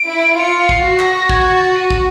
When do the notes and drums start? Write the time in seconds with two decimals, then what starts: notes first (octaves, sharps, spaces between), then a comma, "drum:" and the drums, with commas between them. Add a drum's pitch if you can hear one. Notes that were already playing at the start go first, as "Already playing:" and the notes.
Already playing: D7
0.08 E4
0.38 F4 C#7
0.69 C7, drum: kick
0.84 F#4
0.99 A#6, drum: clap
1.29 G#6, drum: kick
1.52 A6
1.75 D#7
1.90 drum: kick